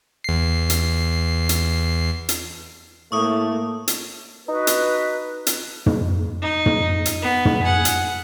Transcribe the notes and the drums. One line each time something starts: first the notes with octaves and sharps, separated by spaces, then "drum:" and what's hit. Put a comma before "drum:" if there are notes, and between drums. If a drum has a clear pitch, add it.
E2 C7
drum: hi-hat
drum: hi-hat
drum: hi-hat
A2 A3 A#3 C#6 D#6
drum: hi-hat
D#4 F#4 B4
drum: hi-hat
drum: hi-hat
drum: tom
D#4
drum: tom
drum: hi-hat
B3
drum: tom
G#4 F#5
drum: hi-hat